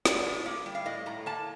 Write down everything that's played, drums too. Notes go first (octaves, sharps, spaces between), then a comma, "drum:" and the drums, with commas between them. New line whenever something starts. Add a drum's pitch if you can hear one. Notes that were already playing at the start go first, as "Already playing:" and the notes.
A2 D5, drum: snare
A2
A#3
G3
F5
A2 D#5
A2 A#5
A#3 A5